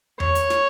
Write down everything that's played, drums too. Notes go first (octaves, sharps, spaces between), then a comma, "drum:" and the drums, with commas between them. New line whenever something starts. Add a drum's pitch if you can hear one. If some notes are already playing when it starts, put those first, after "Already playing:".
C#5, drum: tom E2
drum: hi-hat
drum: snare